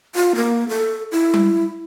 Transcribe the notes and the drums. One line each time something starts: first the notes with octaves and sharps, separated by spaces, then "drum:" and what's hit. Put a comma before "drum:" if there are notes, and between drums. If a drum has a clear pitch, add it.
F4
A#3
A4
E4
drum: tom G3